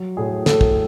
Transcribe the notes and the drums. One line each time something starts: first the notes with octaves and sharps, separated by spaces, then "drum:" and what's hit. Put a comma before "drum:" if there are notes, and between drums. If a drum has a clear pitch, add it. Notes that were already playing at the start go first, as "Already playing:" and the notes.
Already playing: F#3
A2 G#4
A2 A4, drum: snare
drum: kick